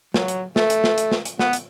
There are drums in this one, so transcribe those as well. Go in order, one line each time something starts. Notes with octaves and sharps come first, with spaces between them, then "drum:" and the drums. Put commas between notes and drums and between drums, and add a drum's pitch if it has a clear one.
F#3, drum: snare
drum: hi-hat
A3, drum: snare
drum: hi-hat
drum: snare
drum: hi-hat
drum: snare
drum: hi-hat
B3, drum: snare
drum: hi-hat